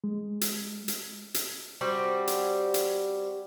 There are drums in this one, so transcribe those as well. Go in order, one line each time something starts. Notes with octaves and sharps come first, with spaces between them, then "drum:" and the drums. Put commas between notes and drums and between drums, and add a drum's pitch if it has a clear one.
G#3
drum: hi-hat
drum: hi-hat
drum: hi-hat
G3 C4 F#4
drum: hi-hat
drum: hi-hat